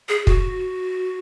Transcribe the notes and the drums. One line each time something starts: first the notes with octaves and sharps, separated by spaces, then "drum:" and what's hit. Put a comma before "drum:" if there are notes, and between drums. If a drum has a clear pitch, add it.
G#4
F#4, drum: kick